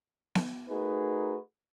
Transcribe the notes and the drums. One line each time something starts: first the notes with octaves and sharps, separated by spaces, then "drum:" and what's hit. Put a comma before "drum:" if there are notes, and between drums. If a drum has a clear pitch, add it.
drum: snare B3
A3 D#4 F#4 G#4 A#4 B4